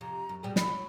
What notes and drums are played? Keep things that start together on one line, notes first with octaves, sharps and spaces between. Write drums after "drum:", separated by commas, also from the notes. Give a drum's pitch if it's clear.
F2 C3 A#5
F#2
B2 G3 G4 G#4
B5, drum: snare
F#3